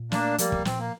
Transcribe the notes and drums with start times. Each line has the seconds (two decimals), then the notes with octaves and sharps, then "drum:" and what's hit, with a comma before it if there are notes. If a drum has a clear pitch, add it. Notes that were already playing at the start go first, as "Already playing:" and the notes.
Already playing: A#2
0.12 A3 A#3 D4, drum: snare
0.38 F3 G3 A#3, drum: hi-hat
0.52 drum: kick
0.65 A#2 C4, drum: snare
0.79 A#3